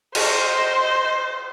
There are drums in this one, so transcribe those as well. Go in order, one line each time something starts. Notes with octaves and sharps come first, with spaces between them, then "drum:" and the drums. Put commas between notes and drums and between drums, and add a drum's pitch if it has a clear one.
C5 D#5, drum: cymbal